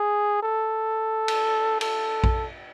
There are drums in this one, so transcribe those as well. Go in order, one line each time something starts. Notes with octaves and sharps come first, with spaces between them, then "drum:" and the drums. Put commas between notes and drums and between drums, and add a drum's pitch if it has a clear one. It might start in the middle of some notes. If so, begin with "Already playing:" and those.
Already playing: G#4
A4
drum: cymbal
A4, drum: cymbal
drum: kick A#1